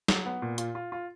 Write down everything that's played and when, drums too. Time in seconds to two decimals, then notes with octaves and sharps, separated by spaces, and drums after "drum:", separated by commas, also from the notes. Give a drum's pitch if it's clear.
0.08 F#3, drum: snare
0.26 B3
0.42 A#2
0.58 F4, drum: hi-hat
0.75 F4
0.92 F4